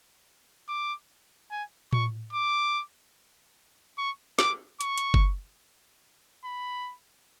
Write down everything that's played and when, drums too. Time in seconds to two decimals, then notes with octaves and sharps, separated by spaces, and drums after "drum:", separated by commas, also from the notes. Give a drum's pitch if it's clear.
0.69 D6
1.51 G#5
1.93 C#6, drum: tom A2
2.33 D6
3.98 C#6
4.39 D6, drum: snare
4.81 C#6, drum: hi-hat
4.98 drum: hi-hat
5.14 drum: kick F#1
6.45 B5